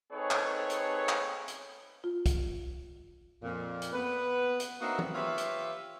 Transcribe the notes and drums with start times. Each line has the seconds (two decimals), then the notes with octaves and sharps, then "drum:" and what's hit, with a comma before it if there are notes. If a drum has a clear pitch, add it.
0.12 C4 D#4 G#4 A4 B4 C#5
0.31 drum: clap
0.70 drum: hi-hat
1.09 drum: clap
1.48 drum: hi-hat
2.04 F4
2.26 drum: kick, hi-hat
3.43 F2 A#2
3.82 drum: hi-hat
3.93 B3 B4
4.60 drum: hi-hat
4.81 A#3 C4 D4 D#4 F#4 E5
4.99 drum: tom
5.14 F4 G4 B4 C#5 E5
5.38 drum: hi-hat